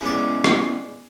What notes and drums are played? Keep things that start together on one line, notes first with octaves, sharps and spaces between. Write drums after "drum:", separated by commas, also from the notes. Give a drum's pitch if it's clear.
G#3 B3 C#4 E4 D5
drum: rim click